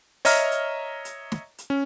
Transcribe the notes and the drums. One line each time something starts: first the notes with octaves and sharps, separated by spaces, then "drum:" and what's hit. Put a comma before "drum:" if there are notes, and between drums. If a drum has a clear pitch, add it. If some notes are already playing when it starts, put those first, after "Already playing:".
C#5 D#5 E5 A#5 F6, drum: open hi-hat
drum: hi-hat
drum: hi-hat
drum: snare
drum: hi-hat
C#4